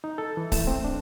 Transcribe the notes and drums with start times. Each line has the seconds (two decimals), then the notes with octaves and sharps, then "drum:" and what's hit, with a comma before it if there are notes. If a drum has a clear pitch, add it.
0.04 D#4
0.18 A4
0.37 E3
0.52 A3, drum: kick C#1, open hi-hat
0.67 C4
0.84 D4